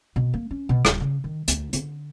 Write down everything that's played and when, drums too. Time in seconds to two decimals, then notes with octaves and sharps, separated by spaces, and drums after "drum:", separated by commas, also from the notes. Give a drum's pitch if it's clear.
0.16 B2
0.34 A#3
0.51 C#4
0.69 B2
0.85 D#1, drum: rim click
1.00 C#3
1.24 D#3
1.48 D2, drum: hi-hat
1.73 D3, drum: hi-hat